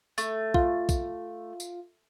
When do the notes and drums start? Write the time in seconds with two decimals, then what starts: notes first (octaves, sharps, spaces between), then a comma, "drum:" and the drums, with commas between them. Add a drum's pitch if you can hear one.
0.18 A3, drum: tambourine
0.54 F4, drum: kick
0.89 drum: kick, tambourine
1.60 drum: tambourine